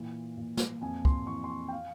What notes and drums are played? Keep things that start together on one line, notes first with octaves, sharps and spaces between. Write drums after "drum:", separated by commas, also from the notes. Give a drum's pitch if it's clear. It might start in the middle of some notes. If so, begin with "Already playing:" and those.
Already playing: A#2 E3
A#2
drum: snare
F2 G#5
C6, drum: kick
E3 C#6
C6
C#6
G5
F5